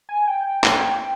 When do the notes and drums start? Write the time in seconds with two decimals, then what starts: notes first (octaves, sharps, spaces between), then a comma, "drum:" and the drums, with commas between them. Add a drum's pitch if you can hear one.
0.09 G#5
0.28 G5
0.64 drum: clap